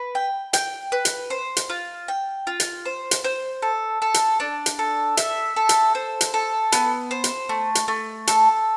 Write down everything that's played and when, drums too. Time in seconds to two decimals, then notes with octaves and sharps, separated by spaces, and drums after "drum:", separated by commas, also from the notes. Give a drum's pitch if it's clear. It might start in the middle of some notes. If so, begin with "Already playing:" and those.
Already playing: B4
0.15 G5
0.53 G5, drum: hi-hat
0.92 B4
1.05 drum: hi-hat
1.30 C5
1.57 drum: hi-hat
1.70 F4
2.08 G5
2.47 F4
2.60 drum: hi-hat
2.85 C5
3.11 drum: hi-hat
3.24 C5
3.62 A4
4.02 A4
4.14 drum: hi-hat
4.40 D4
4.66 drum: hi-hat
4.79 A4
5.17 E5, drum: hi-hat
5.56 A4
5.69 drum: hi-hat
5.95 C5
6.21 drum: hi-hat
6.34 A4
6.72 B3, drum: hi-hat
7.11 C5
7.24 drum: hi-hat
7.49 A3
7.75 drum: hi-hat
7.88 A3
8.27 A4, drum: hi-hat